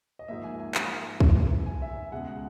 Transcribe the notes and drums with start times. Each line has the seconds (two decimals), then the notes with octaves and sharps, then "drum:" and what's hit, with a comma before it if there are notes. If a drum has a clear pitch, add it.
0.19 D#5
0.28 G#2 F3 A#3 E5
0.44 G#5
0.60 G#5
0.75 drum: clap
1.20 drum: kick B1
1.66 G#5
1.82 E5
1.97 E5
2.12 C#2 B2 G#3 F#5
2.27 F#5